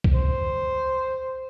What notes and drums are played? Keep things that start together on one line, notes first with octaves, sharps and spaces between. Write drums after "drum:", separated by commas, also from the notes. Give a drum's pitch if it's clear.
drum: kick C2
C5